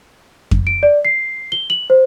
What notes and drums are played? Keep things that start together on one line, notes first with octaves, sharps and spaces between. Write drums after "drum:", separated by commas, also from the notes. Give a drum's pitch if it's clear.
drum: kick F2
D7
D5
C7
G7
F#7
C5